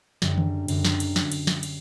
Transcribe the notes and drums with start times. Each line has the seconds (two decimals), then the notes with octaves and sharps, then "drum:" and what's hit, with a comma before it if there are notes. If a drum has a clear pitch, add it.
0.22 F#2 D3 G3, drum: snare
0.38 drum: tom D#3
0.68 F#2 D3 G3, drum: cymbal
0.85 drum: snare
1.00 drum: cymbal
1.16 drum: snare
1.32 drum: cymbal
1.47 drum: snare
1.63 drum: cymbal